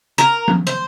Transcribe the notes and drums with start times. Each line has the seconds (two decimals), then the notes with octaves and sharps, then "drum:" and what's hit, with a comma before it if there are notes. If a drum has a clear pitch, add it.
0.18 A#4
0.48 drum: tom F3
0.67 C5